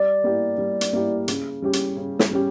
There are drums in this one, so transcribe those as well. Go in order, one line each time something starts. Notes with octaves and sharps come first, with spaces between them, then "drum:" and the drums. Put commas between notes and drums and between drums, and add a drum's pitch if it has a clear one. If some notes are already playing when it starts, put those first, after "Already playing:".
Already playing: G3 D5
A#3 E4 G4
G3
drum: hi-hat
A#3 E4 G4
C#3, drum: hi-hat
G3 C#4 G4
drum: hi-hat
C#3
drum: snare
G3 C#4 G4